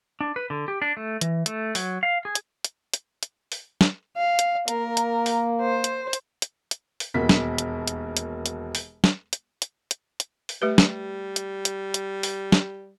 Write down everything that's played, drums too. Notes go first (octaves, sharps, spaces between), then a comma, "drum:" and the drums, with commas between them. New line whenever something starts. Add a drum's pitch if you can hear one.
D4
B4
D3
G4
D4
A3
E3, drum: hi-hat
A3, drum: hi-hat
F#3, drum: open hi-hat
F5
G#4
drum: hi-hat
drum: hi-hat
drum: hi-hat
drum: hi-hat
drum: open hi-hat
drum: snare
F5
drum: hi-hat
A#3 A#4, drum: hi-hat
drum: hi-hat
drum: open hi-hat
C5
drum: hi-hat
drum: hi-hat
drum: hi-hat
drum: hi-hat
drum: open hi-hat
E1 D#2 B2 F#4 A#4 B6
drum: snare
drum: hi-hat
drum: hi-hat
drum: hi-hat
drum: hi-hat
drum: open hi-hat
drum: snare
drum: hi-hat
drum: hi-hat
drum: hi-hat
drum: hi-hat
drum: open hi-hat
G3 A3 G4 B4
drum: snare
drum: hi-hat
drum: hi-hat
drum: hi-hat
drum: open hi-hat
drum: snare